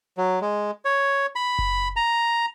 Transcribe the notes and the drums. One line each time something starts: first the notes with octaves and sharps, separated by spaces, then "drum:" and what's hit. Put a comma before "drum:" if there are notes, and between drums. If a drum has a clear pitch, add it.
F#3
G#3
C#5
B5
drum: kick F#1
A#5